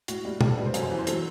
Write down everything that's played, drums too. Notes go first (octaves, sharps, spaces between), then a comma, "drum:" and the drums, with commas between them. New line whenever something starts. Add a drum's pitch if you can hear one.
A2 F#4, drum: hi-hat
G3
G3 G4, drum: tom
A4
G3 B4
C5
F#2, drum: hi-hat
C5
E3 B4
C5
F#3 A4, drum: hi-hat